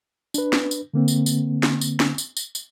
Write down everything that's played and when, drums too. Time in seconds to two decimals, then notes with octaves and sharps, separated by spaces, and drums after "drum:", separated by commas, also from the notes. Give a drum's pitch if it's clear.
0.34 D4 B4, drum: tambourine
0.53 drum: snare
0.71 drum: tambourine
0.94 D3 A#3 C4
1.08 drum: tambourine
1.26 drum: tambourine
1.63 drum: snare
1.81 drum: tambourine
2.00 drum: snare
2.18 drum: tambourine
2.37 drum: tambourine
2.55 drum: tambourine